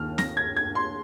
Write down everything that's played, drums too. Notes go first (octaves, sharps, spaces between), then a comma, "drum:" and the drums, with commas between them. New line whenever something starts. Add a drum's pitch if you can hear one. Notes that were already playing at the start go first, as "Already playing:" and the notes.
Already playing: D#2 D#3 A#3 F6
A#6, drum: snare C4
G#6
G#6
C6